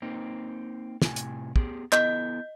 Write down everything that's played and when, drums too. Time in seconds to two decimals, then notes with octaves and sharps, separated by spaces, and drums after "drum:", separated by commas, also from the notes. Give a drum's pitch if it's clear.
0.02 A#3 C4 D#4
1.02 A2 C3 G#5, drum: snare
1.16 drum: hi-hat
1.56 B3 G4 G#4, drum: kick
1.92 B3 E4 A4 D#5 G6, drum: clap